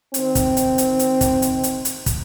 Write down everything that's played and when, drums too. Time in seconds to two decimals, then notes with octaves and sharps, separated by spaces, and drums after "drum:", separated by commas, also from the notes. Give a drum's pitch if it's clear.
0.14 D#3 C4, drum: hi-hat
0.35 drum: kick, hi-hat
0.57 drum: hi-hat
0.78 drum: hi-hat
0.99 drum: hi-hat
1.21 drum: kick, hi-hat
1.42 drum: hi-hat
1.64 drum: hi-hat
1.85 drum: hi-hat
2.06 drum: kick, hi-hat